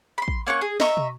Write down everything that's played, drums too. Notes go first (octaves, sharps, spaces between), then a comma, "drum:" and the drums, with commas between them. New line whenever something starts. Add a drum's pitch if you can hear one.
B5 C6
drum: kick
A#3 C#4 F#5 C#6
G#4
D#5 E5 A#5 C#6, drum: snare
drum: tom